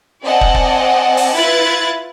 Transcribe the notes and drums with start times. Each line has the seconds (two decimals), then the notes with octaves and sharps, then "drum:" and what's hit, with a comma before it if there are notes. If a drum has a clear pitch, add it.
0.23 C4 D5 D#5 F#5 G#5 A5
0.41 drum: kick
0.54 drum: kick
1.17 drum: open hi-hat
1.34 E4 F4 B4 F#6 G#6 A6